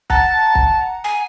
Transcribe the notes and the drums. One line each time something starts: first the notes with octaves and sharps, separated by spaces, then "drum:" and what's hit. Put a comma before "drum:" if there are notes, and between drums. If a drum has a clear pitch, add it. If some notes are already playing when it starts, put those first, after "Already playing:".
F#5 A5 A#5, drum: kick
drum: kick
G#5